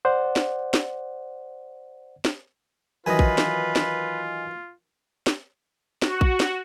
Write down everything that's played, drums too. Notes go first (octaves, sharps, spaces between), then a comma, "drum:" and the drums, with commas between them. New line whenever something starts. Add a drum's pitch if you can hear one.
C5 D5 F#5
drum: snare
drum: snare
drum: snare
D#3 E3 F#3 F4 B4 D#5 G#5
drum: kick A#1
drum: snare
drum: snare
drum: snare
F#4, drum: snare
drum: kick A#1
drum: snare